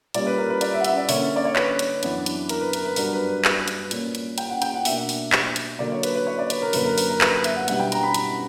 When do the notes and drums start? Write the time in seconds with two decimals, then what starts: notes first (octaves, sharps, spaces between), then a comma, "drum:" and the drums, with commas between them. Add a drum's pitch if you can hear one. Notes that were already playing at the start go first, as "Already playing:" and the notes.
0.14 A#2 G3 C#4 D5, drum: hi-hat
0.27 B4
0.38 A#4
0.50 B4
0.61 D5, drum: hi-hat
0.74 E5
0.80 F#5
0.84 E5, drum: hi-hat
0.97 D5
1.09 D3 A#3 C#4 C#5, drum: open hi-hat
1.36 D5
1.45 C#5
1.56 B4, drum: clap
1.79 drum: hi-hat
2.03 F#2 E3 B3 D4, drum: hi-hat
2.26 drum: hi-hat
2.49 A#4, drum: hi-hat
2.61 B4
2.73 A#4, drum: hi-hat
2.85 B4
2.96 G2 F#3 B3 D4 A#4, drum: open hi-hat
3.13 B4
3.29 B4
3.45 B4, drum: clap
3.68 drum: hi-hat
3.91 A#2 A#3 C#4, drum: hi-hat
4.15 drum: hi-hat
4.38 G5, drum: hi-hat
4.49 F#5
4.62 G5, drum: hi-hat
4.74 F#5
4.85 B2 A#3 D4 E5, drum: open hi-hat
5.09 drum: open hi-hat
5.32 drum: clap
5.56 drum: hi-hat
5.79 D3 F#3 A#3 D5
5.92 C#5
6.03 B4, drum: hi-hat
6.15 B4
6.27 C#5
6.39 D5
6.50 B4, drum: hi-hat
6.62 A#4
6.73 F#2 D3 A#3 B4, drum: open hi-hat
6.85 A#4
6.98 B4, drum: open hi-hat
7.09 A#4
7.21 B4, drum: clap
7.32 B4
7.44 E5, drum: hi-hat
7.56 F#5
7.68 B2 G3 B3 D4 F#5, drum: hi-hat
7.79 G5
7.92 A#5, drum: hi-hat
8.03 B5
8.14 B5, drum: hi-hat